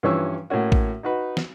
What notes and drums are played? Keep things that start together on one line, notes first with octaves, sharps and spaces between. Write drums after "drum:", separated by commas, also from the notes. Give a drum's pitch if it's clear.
G2 E3 F3 C#4 C#6 E6
A2 A#3 C#4 F#4
drum: kick
D#4 F#4 B4
drum: snare